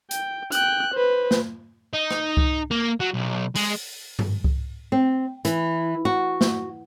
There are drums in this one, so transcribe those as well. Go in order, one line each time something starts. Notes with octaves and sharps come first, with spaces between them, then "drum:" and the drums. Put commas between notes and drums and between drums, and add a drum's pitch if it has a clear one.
G5, drum: hi-hat
G5 F#6, drum: hi-hat
B4 C5
drum: snare
D#4
drum: rim click
drum: kick C2
A#3
F#3
B1
G#3, drum: open hi-hat
drum: tom G2
drum: kick C2
C4
E3, drum: hi-hat
F#4
drum: snare